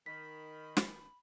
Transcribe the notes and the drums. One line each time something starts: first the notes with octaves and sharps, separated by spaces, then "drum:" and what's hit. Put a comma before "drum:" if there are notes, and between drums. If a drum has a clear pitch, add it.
D#3 B5 B6
drum: snare